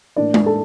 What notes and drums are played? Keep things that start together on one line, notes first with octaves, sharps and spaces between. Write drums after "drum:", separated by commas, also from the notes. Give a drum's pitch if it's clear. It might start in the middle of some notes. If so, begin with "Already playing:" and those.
A2 E3 A#3 D4 D5
drum: tom G#3
A4 A5